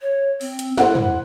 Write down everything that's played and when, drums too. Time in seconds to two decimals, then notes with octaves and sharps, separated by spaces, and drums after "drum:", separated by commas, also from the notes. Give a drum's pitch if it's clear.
0.01 C#5
0.41 C4, drum: open hi-hat
0.59 drum: hi-hat
0.77 E4 C5 F#5, drum: snare
0.95 drum: tom